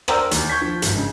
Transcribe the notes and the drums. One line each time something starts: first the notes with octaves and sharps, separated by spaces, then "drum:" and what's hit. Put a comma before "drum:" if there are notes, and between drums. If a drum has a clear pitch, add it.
A#4 C5 D5 G5 A#5 E6, drum: rim click
D#2, drum: hi-hat
C#6 G6 G#6 B6
F3
G#1 G#2, drum: hi-hat
C#3